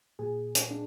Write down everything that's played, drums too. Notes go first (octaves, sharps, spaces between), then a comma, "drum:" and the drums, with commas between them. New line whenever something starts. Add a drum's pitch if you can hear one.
A#2 G#4
drum: hi-hat
D4